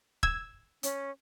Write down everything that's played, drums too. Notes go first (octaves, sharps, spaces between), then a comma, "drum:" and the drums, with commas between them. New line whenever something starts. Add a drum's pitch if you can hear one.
E6 G#6, drum: kick
C#4, drum: hi-hat